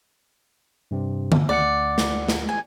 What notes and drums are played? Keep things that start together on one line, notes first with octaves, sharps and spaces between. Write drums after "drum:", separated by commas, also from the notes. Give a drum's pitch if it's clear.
G2 C3 C4
drum: tom D3
D2 D5 F#5 C#7
drum: snare
drum: snare
G#5